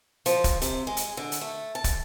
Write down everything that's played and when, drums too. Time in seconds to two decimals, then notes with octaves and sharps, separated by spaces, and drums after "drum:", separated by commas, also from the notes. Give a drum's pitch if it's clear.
0.26 F3, drum: hi-hat
0.44 drum: kick, hi-hat
0.62 C3, drum: hi-hat
0.87 G#3
0.97 drum: hi-hat
1.17 D3
1.32 drum: hi-hat
1.41 A3
1.75 A5
1.84 drum: kick, hi-hat